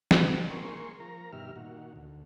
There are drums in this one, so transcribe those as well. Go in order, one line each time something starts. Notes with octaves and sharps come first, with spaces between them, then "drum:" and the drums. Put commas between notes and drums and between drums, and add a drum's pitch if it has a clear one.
drum: snare
G#4
A#3 G#4 A#4 C6 C#6
F3 A#4 A#5
G2 B2 D#3 G4 E5 F6
A#2 D#3 F#4
D2